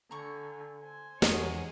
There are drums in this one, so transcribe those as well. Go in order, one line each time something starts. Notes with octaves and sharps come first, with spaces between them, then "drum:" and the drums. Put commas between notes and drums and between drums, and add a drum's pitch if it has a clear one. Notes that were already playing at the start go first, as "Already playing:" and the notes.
D3 G#5 A#5 C#6
C5 G#5
E2 G#4 A#4 C#5 F#5 C#6, drum: snare